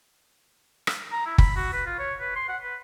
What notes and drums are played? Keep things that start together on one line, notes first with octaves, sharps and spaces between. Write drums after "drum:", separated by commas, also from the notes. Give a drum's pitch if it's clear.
drum: rim click
A#5
E4
B5, drum: kick F#1
F#4
B4
F4
C#5
B4
C6
F#5
B4